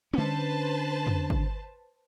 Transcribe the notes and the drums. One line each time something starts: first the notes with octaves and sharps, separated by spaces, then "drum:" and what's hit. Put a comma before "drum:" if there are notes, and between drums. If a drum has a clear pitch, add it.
D3 C#4 B4 C5 A5, drum: tom
drum: tom
drum: kick